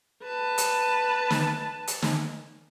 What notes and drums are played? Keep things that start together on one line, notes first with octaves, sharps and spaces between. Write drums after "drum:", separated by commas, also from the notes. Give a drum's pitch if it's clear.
B4 A5
drum: hi-hat
drum: snare
drum: hi-hat
drum: snare